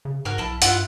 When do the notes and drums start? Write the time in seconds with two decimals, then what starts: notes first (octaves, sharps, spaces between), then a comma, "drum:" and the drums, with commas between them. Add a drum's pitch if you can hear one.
0.05 C#3
0.25 G#2 F#4 A#4 F6
0.38 B1 E4 A5
0.62 G2 E4 F4 F#5, drum: hi-hat